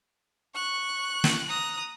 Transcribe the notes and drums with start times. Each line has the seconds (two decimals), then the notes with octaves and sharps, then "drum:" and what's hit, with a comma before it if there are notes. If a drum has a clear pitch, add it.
0.55 C#6 F#6
1.24 drum: snare
1.49 A#5 D#6